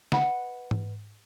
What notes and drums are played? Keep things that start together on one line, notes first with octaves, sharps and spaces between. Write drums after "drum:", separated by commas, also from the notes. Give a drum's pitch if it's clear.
B4 D#5 F#5 B5, drum: snare
drum: tom G#2